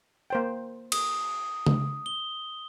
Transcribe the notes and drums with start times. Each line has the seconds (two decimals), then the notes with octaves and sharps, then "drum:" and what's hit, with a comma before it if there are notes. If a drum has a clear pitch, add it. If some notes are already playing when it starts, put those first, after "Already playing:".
0.30 A#3 C5 G5
0.92 D#6, drum: cymbal
1.67 drum: tom C#3
2.06 G7